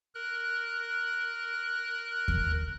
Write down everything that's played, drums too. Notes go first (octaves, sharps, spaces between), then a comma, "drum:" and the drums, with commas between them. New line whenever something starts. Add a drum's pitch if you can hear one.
A#4 F#6
drum: kick D#2